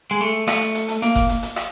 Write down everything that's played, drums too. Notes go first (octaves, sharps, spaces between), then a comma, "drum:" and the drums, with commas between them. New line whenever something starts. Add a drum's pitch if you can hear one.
G#3
A3
A3, drum: rim click
drum: hi-hat
drum: hi-hat
drum: hi-hat
A#3, drum: hi-hat
drum: kick F#1, hi-hat
drum: hi-hat
drum: hi-hat
drum: rim click